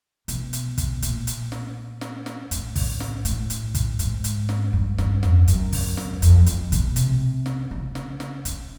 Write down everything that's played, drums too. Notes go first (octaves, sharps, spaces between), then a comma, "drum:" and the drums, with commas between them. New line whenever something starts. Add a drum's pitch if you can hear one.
B2, drum: hi-hat
drum: hi-hat
drum: kick, hi-hat
A#2, drum: hi-hat
drum: hi-hat
drum: snare
drum: snare
drum: snare
A2, drum: hi-hat
drum: kick, open hi-hat
drum: snare
A2, drum: hi-hat
drum: hi-hat
drum: kick, hi-hat
G#2, drum: hi-hat
drum: hi-hat
drum: snare
G2
G2, drum: snare
F2, drum: snare
F#2, drum: hi-hat
drum: kick, open hi-hat
drum: snare
F2, drum: hi-hat
F2, drum: hi-hat
B2, drum: kick, hi-hat
C3, drum: hi-hat
drum: snare
C#3
drum: snare
drum: snare
C#3, drum: hi-hat